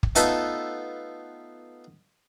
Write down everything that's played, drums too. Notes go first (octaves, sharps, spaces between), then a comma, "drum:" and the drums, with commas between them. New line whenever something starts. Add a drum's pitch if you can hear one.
drum: kick
A3 B3 D#4 F4 A4 E5, drum: hi-hat